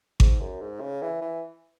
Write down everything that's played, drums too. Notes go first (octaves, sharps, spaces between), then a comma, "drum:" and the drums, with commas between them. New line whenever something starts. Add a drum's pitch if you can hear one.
G#2, drum: kick G#1
F#2
G#2
C#3
E3
E3